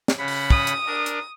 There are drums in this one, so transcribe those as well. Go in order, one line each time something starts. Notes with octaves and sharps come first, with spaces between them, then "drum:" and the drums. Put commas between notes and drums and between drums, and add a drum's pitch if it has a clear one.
drum: snare
C#3 F#5 B5
drum: open hi-hat
D#6, drum: kick
drum: hi-hat
D4 A#4
drum: hi-hat